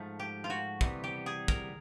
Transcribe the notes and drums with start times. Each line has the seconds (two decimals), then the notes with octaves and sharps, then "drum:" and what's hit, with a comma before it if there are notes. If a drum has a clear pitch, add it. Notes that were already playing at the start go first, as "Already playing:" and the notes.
Already playing: G#2 F3 A3
0.19 G4
0.44 F4
0.50 F#4
0.81 C3 E3 G3 B3, drum: kick
1.04 G4
1.26 G#4
1.48 A#4, drum: kick